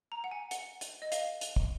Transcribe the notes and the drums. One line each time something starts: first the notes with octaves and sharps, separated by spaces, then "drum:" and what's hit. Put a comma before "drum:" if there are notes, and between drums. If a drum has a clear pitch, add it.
A#5
F#5
G#5
F#5, drum: hi-hat
drum: hi-hat
D#5
F5, drum: hi-hat
drum: hi-hat
drum: kick